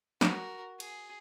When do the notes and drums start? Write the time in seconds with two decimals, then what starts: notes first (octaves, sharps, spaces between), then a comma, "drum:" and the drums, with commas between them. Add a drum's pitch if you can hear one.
0.21 F#4 A#4, drum: snare
0.80 G#4, drum: cymbal